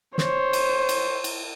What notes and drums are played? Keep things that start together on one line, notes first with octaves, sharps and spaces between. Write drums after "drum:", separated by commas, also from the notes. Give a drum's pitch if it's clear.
C5 C#5, drum: snare
drum: cymbal
drum: cymbal
drum: cymbal